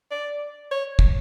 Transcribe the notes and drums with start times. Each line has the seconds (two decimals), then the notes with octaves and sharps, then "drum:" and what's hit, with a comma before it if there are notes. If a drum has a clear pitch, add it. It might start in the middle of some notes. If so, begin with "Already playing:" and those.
0.11 D5
0.72 C#5
0.99 drum: kick